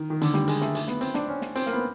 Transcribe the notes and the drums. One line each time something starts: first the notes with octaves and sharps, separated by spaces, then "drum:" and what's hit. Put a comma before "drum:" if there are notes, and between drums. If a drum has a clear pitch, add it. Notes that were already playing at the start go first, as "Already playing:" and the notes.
Already playing: D#3
D#3
D3, drum: hi-hat
G3, drum: snare
G#3, drum: hi-hat
A3, drum: snare
A3, drum: hi-hat
B3, drum: snare
C4, drum: hi-hat
D4, drum: snare
C#4
drum: snare
C4, drum: hi-hat
A#3, drum: snare
B3